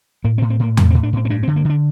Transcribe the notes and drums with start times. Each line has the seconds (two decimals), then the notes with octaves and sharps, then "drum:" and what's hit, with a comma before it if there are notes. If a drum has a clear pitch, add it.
0.24 A2 A#3
0.38 C4
0.42 A2
0.50 C4
0.60 A2 A#3
0.77 A2 A#3, drum: tom E2
0.90 C4
0.95 A2
1.03 D4
1.13 A2 C4
1.25 C4
1.30 G2 D4
1.43 C4
1.48 D3
1.56 A#3
1.65 D3 D4